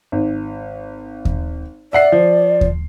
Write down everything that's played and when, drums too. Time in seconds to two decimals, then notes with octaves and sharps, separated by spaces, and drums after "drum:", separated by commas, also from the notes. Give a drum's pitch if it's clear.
0.12 G#1
1.25 drum: kick D#2
1.93 D5 E5 F#5 C7
2.12 F3
2.61 drum: kick D#2